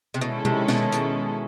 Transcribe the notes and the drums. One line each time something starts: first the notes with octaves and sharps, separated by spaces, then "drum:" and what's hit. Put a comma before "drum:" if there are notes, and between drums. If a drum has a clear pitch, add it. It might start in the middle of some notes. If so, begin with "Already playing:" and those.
C3
B2 D#3 G#3 C#4 E4 A4
C3, drum: tom B2
B2, drum: snare
B2, drum: hi-hat